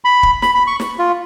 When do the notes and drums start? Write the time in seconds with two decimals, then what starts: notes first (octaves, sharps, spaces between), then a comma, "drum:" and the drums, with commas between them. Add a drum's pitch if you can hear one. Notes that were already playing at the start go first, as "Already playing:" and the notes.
0.05 B5
0.23 drum: kick
0.42 B5, drum: snare
0.55 B5
0.67 C#6
0.80 drum: snare
0.99 F4